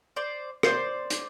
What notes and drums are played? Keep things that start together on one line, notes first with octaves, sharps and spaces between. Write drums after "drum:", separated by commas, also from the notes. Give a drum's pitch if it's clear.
C5 D5
C5 D5, drum: rim click
drum: hi-hat